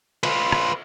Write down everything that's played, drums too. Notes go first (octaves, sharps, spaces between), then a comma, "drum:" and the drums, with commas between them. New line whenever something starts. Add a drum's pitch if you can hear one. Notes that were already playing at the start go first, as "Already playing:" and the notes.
F4 B4, drum: cymbal
drum: rim click